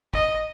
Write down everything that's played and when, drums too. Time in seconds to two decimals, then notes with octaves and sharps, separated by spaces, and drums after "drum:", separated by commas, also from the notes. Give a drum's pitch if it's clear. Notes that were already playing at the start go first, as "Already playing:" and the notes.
0.14 D#5, drum: kick